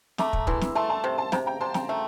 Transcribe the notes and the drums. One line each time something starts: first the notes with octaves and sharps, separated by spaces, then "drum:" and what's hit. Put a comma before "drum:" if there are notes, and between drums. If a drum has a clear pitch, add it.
A3 A#5 D6, drum: snare
drum: kick
E3 C6 E6, drum: kick
drum: snare
A3 A5 C6
A5 C6
C3
A5 C6
C3 G5 A#5, drum: snare
G5 A#5
C3 A5 C6
G5 A#5, drum: snare
A3